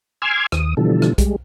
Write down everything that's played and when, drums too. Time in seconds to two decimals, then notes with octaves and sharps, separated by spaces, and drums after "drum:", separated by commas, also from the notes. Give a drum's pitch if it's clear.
0.22 G#5 C6 D6 E6 F6 G#6
0.52 D#2 D#6, drum: rim click
0.77 B2 D3 E3 F3 G3 A4
1.02 drum: rim click
1.18 G3 G#3, drum: kick B1, hi-hat